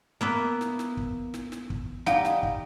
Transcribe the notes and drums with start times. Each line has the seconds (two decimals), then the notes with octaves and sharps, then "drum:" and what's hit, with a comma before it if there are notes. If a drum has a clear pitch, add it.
0.21 A#3 B3 E5
0.61 drum: snare
0.79 drum: snare
0.97 drum: kick
1.34 drum: snare
1.52 drum: snare
1.70 drum: kick
2.06 G3 D#4 F5 F#5, drum: snare
2.25 drum: snare
2.43 drum: kick